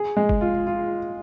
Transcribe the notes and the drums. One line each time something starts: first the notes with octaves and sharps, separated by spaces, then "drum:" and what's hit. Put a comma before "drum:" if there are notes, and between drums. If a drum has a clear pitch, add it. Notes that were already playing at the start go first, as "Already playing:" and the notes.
Already playing: G#4
G#3
drum: kick G1
F4
F4